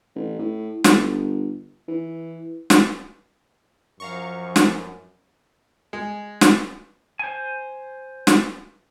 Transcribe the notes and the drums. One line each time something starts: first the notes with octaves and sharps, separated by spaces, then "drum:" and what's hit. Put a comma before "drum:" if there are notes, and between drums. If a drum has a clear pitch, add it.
A1
A2
G1, drum: snare
E3
drum: snare
F#2 F3 F5 A#5 C#6
drum: snare
G#3
drum: snare
C5 G#5
drum: snare